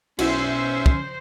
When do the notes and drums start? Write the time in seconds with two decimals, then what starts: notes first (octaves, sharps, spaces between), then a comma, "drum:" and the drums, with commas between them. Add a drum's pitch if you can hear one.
0.19 B1 C#4 E4 F#4 C5 E5, drum: cymbal
0.86 drum: kick